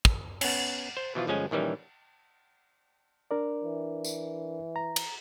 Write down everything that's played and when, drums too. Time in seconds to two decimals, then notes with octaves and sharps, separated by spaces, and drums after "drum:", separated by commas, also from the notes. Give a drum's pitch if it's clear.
0.05 drum: kick
0.41 B3 C#4, drum: cymbal
0.97 C5
1.15 B2 E3 F3 F4
1.27 G1 F3 G#3 C#4 G#5
1.51 A#1 D#3 E3 G3 C#4
3.31 D4 A#4 D5
3.64 E3
4.04 drum: tambourine
4.76 A#5
4.96 drum: cymbal